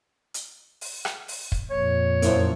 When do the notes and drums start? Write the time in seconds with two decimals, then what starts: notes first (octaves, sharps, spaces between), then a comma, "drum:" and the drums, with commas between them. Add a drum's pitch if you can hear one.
0.34 drum: hi-hat
0.81 drum: open hi-hat
1.05 drum: rim click
1.28 drum: open hi-hat
1.52 drum: kick
1.71 F2 A#2 C#5
2.22 F#2 F3 A#3 E4 C5, drum: hi-hat